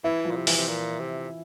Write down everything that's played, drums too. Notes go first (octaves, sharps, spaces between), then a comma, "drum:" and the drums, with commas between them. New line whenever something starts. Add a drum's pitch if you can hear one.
E3 E4
F3
A#2
C3
E3, drum: open hi-hat
C3
A#2
C3